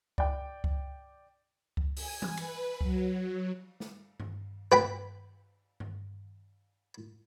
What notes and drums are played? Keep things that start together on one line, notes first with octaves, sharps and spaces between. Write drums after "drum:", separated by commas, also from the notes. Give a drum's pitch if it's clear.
D5 G5, drum: kick C#2
drum: kick C#2
drum: kick C#2
G#5, drum: open hi-hat
drum: tom E3
B4, drum: cymbal
F#3, drum: kick C#2
drum: snare
drum: tom G2
B4 G5 A#5 B5, drum: tom G2
drum: tom G2